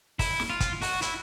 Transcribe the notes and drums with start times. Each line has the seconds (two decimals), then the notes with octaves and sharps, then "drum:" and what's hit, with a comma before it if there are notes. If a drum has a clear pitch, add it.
0.19 E4, drum: kick, open hi-hat
0.40 drum: snare
0.50 F4
0.60 drum: kick, hi-hat
0.82 F#4, drum: open hi-hat
1.02 E4, drum: hi-hat